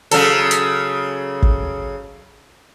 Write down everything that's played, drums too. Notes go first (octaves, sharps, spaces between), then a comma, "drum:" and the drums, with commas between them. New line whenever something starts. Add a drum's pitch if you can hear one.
C#3 F#3 A4, drum: hi-hat
drum: hi-hat
drum: kick